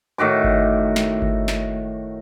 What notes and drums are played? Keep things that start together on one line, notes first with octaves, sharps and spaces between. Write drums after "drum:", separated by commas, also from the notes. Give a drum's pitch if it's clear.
A2 D#3 F#4 D6
drum: kick G1
drum: snare
drum: kick G1
drum: snare